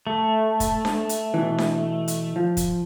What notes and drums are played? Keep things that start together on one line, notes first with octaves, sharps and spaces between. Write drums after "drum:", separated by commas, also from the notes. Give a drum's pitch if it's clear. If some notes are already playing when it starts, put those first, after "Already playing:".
A3
drum: kick, hi-hat
drum: snare D4
drum: hi-hat
B2 E3
drum: snare D4
drum: hi-hat
F3
drum: kick, hi-hat